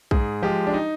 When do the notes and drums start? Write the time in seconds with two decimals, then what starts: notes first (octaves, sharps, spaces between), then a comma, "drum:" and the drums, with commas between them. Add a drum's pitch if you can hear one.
0.11 G#2 G#4, drum: kick B1
0.42 F3 G#3 G4
0.67 D4
0.74 D#4